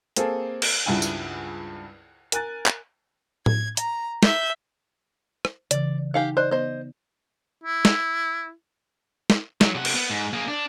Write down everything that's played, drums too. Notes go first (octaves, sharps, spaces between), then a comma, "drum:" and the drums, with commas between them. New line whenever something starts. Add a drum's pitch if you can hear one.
A#3 C4 G#4 A4, drum: hi-hat
drum: cymbal
C#2 G2 G3 E4 F#5 G#5
drum: tambourine
A#4 G#5 F#6 A6, drum: hi-hat
drum: clap
G#6, drum: tom A2
A#5, drum: hi-hat
E5 G6, drum: snare
drum: rim click
C#3 E3 D5, drum: hi-hat
D#4 G4 F5 F#5 G#5
C5 D5 D#5 F#6
B3 C5 D#5
E4
drum: snare
drum: snare
D#3 F#3, drum: snare
C3 F#5
drum: cymbal
B3
G#2
A#3 G#4
D4